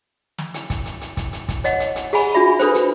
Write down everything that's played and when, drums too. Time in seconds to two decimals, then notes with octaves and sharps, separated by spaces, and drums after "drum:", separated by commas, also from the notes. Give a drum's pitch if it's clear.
0.38 drum: snare
0.54 drum: hi-hat
0.70 drum: kick, hi-hat
0.86 drum: hi-hat
1.01 drum: hi-hat
1.17 drum: kick, hi-hat
1.33 drum: hi-hat
1.49 drum: kick, hi-hat
1.64 C#5 D#5 F#5, drum: hi-hat
1.80 drum: hi-hat
1.96 drum: hi-hat
2.13 G#4 F#5 G#5 B5, drum: open hi-hat
2.34 D4 F4 F#4 G#4 E5 B5
2.59 D4 A4 B4 C5, drum: hi-hat
2.74 drum: hi-hat